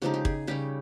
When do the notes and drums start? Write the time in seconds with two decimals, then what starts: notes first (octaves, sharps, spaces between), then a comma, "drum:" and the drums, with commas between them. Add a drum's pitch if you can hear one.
0.02 C#3 F3 G#3 D#4 G4
0.14 G4
0.25 G#4, drum: kick
0.47 C#3 G3 C#4 G4